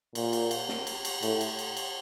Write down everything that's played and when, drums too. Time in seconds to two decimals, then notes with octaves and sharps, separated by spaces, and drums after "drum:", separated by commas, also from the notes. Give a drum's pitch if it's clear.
0.15 A#2, drum: cymbal
0.33 drum: cymbal
0.51 drum: cymbal
0.69 drum: snare
0.87 drum: cymbal
1.05 drum: cymbal
1.23 A2, drum: cymbal
1.41 drum: cymbal
1.59 drum: cymbal
1.77 drum: cymbal